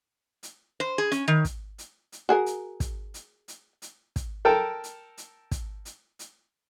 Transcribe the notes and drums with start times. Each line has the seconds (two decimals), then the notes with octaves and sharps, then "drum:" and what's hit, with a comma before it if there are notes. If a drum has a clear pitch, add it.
0.43 drum: hi-hat
0.80 C5
0.98 G#4
1.12 C#4, drum: hi-hat
1.28 D#3
1.45 drum: kick, hi-hat
1.78 drum: hi-hat
2.12 drum: hi-hat
2.29 F#4 G#4 A#4
2.46 drum: hi-hat
2.80 drum: kick, hi-hat
3.14 drum: hi-hat
3.48 drum: hi-hat
3.82 drum: hi-hat
4.16 drum: kick, hi-hat
4.45 A4 A#4 G5 A5
4.84 drum: hi-hat
5.18 drum: hi-hat
5.51 drum: kick, hi-hat
5.85 drum: hi-hat
6.19 drum: hi-hat